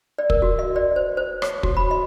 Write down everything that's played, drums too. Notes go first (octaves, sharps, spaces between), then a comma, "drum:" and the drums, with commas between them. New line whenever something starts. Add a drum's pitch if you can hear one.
D5
A#4, drum: kick
F#4
D#5
D5
C5
C5
C#5, drum: rim click
F#4, drum: kick
B5
D#5